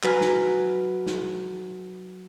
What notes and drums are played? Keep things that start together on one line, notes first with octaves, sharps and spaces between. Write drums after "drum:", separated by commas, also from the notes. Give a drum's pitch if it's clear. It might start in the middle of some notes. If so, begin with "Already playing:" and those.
F#3 B4 G#5 F6, drum: clap
drum: snare
drum: snare